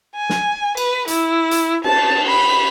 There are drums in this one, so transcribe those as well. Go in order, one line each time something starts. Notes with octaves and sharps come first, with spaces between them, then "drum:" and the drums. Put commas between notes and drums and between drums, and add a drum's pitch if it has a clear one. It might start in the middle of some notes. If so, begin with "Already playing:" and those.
G#5
drum: snare
B4, drum: cymbal
E4, drum: hi-hat
drum: hi-hat
A5, drum: cymbal
B5